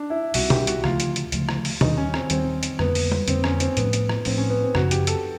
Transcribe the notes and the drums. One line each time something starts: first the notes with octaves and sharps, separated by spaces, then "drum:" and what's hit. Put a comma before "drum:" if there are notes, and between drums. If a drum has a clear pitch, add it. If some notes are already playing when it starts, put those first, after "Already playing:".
Already playing: D4
E4
C2 B2 G3 C4 F#4, drum: open hi-hat
G4, drum: tom B2
F#4, drum: hi-hat
D2 C#3 F3 A3 F4, drum: rim click
drum: hi-hat
drum: hi-hat
D2 C#3 F3 A3, drum: hi-hat
drum: rim click
drum: open hi-hat
D#2 D#3 G3 D#4, drum: tom B2
C#4
C4, drum: rim click
D#2 D#3 G3 C4, drum: hi-hat
drum: hi-hat
F2 D3 G3 A#3 B3, drum: rim click
drum: open hi-hat
drum: tom G3
F2 D3 G3 A#3 C4, drum: hi-hat
C#4, drum: rim click
C4, drum: hi-hat
A2 F3 A3 B3 D4, drum: hi-hat
drum: hi-hat
drum: rim click
A2 F3 A3 C4 D4, drum: open hi-hat
C#4
B3
C4
F#2 C#3 F3 F#4, drum: rim click
G4, drum: hi-hat
A4, drum: hi-hat